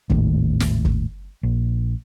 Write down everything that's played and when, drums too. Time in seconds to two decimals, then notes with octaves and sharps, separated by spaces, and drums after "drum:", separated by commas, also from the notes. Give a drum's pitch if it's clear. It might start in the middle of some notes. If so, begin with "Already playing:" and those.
0.10 G#1 D#2 A2, drum: kick
0.60 drum: snare
0.85 drum: kick
1.43 A#1